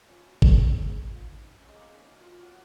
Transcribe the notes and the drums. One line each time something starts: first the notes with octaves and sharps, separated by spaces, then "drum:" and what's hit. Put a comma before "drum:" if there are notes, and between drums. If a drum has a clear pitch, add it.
C#4 F4
F#4
C4 G#4, drum: kick
F4
D#4
C#4
D#4
C#4
G#3
A#3
D#4
C#4
F#4
F4
F#4 C#5